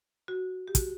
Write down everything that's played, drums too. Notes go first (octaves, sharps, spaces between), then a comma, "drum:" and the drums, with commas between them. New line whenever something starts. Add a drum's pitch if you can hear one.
F#4
G4
F#4, drum: kick, hi-hat